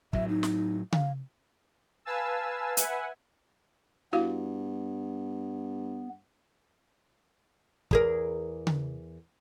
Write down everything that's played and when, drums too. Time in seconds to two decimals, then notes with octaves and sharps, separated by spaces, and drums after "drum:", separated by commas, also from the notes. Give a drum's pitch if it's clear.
0.13 A2 F#3 E5, drum: kick
0.28 D#4
0.43 drum: snare
0.92 F5, drum: tom C#3
2.05 B4 F5 G#5 A5 E6
2.77 B4 E5 F#5 G#5, drum: hi-hat
4.13 G2 B3 E4 F#4 F5
7.91 E2 G#4 A#4, drum: kick
8.67 drum: tom C#3